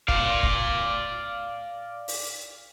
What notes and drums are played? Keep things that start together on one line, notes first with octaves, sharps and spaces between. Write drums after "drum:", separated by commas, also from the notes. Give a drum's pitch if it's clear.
D5 F5, drum: kick
drum: kick
drum: open hi-hat